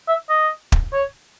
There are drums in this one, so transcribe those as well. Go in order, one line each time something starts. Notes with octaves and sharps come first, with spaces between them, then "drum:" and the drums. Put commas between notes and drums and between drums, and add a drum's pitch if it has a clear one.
E5
D#5
drum: kick
C#5